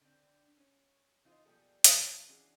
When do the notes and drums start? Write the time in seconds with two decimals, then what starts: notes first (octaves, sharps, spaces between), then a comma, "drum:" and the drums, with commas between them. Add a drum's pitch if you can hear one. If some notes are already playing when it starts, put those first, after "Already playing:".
0.01 D3 C4
0.57 C#4 C#5
1.24 E3 D#4 F4 A4 C5 D#5
1.45 B2 F3 G3 A#3 G#4 A4
1.84 A2 E3 A3 C4 F4 C#5, drum: hi-hat
2.29 E3 C#4 D4 F#4 G#4